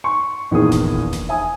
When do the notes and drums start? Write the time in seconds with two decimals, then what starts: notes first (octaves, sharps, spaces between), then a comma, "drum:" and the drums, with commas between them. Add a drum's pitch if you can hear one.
0.04 C6 C#6
0.51 A#1 E2 D#3 G#4 D#6
0.72 drum: snare E1
0.92 drum: kick F#1
1.13 drum: snare E1
1.29 E5 G#5 D#6